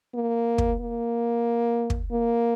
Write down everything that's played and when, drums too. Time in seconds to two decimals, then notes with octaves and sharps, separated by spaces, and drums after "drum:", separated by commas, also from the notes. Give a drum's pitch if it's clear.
0.15 A#3
0.58 drum: kick
0.80 A#3
1.90 drum: kick
2.11 A#3